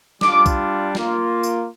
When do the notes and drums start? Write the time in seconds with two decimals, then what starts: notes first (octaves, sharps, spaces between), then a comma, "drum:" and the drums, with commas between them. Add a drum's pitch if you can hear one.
0.21 G3 D4 F4 D6, drum: snare
0.46 drum: kick B1, tambourine
0.95 A#3 F4, drum: snare
1.43 drum: tambourine